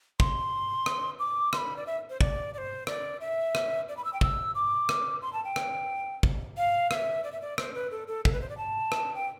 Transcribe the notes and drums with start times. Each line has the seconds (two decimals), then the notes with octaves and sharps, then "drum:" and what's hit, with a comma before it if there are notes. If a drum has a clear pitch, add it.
0.20 C6, drum: kick
0.86 drum: rim click
1.19 D6
1.53 C6, drum: rim click
1.57 B5
1.77 D5
1.87 E5
2.10 C5
2.21 D5, drum: kick
2.54 D5
2.58 C5
2.87 D5, drum: rim click
3.21 E5
3.55 drum: rim click
3.89 D5
3.97 B5
4.04 E6
4.13 G5
4.21 E6, drum: kick
4.55 D6
4.89 drum: rim click
5.22 C6
5.33 A5
5.44 G5
5.56 drum: rim click
6.23 drum: kick
6.57 F5
6.91 F5, drum: rim click
6.94 E5
7.24 D5
7.32 E5
7.41 D5
7.58 C5, drum: rim click
7.74 B4
7.91 A4
8.07 A4
8.25 A4, drum: kick
8.32 B4
8.41 C5
8.49 D5
8.58 A5
8.92 drum: rim click
9.15 G5